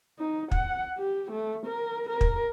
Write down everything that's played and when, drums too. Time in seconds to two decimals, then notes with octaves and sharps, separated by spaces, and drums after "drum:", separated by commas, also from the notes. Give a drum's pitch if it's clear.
0.19 D#4
0.51 F#5, drum: kick
0.98 G4
1.32 A3
1.66 A#4
2.09 A#4
2.21 drum: kick